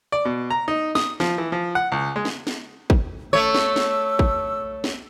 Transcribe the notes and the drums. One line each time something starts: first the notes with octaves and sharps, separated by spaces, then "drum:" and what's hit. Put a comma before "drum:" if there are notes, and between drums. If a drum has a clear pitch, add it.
D5
B2
A#5
D#4
D#6, drum: snare
F3, drum: snare
E3
F3
F#5
C#2
G#3
drum: snare
drum: snare
drum: kick
A3 C#5 E6
drum: snare
drum: snare
drum: kick
drum: snare